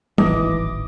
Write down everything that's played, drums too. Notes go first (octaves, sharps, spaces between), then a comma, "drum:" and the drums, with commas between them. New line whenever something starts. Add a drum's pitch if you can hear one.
D1 G#1 E3 D#5 D6, drum: tom